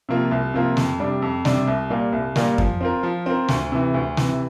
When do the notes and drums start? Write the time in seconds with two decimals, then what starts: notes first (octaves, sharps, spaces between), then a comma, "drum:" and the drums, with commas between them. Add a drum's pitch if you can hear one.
0.09 C3 F3 A#3 F4
0.31 C2
0.54 C3 F3 A#3 F4
0.77 F2, drum: snare
0.99 C3 G3 D4
1.22 F2
1.45 C3 G3 D4, drum: snare
1.67 C2
1.90 A#2 G3 A#3
2.13 C2
2.36 A#2 G3 A#3, drum: snare
2.58 F3, drum: kick F2
2.81 C4 F4 A#4
3.03 F3
3.26 C4 F4 A#4
3.49 D2, drum: snare
3.72 C3 E3
3.94 D2
4.17 C3 E3, drum: snare